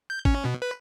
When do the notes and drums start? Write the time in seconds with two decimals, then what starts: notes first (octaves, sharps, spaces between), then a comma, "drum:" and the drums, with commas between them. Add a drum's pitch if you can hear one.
0.10 G6
0.25 C#4, drum: kick G#1
0.45 B2
0.62 B4